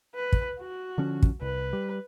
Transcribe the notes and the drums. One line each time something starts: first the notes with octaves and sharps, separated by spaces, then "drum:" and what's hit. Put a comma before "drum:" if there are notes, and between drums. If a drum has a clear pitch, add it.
B4
drum: kick
F#4
D3 F3 C#4
drum: kick
C2 B4
G3